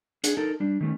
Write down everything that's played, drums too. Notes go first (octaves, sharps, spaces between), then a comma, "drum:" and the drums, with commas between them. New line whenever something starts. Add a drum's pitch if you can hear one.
D4 G#4, drum: hi-hat
D#4 A4 A#4
G3 D4
D#3 A3 C#4